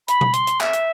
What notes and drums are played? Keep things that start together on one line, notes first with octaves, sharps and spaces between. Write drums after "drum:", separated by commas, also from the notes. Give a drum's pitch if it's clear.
B5, drum: hi-hat
drum: tom B2
C6, drum: hi-hat
drum: hi-hat
E5, drum: clap
drum: hi-hat